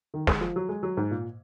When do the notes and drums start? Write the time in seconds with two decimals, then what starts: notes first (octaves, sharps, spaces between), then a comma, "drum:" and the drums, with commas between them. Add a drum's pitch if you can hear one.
0.14 D#3
0.27 G#3, drum: snare
0.41 F3
0.56 F#3
0.69 G#3
0.83 F#3
0.97 G#2
1.11 A#2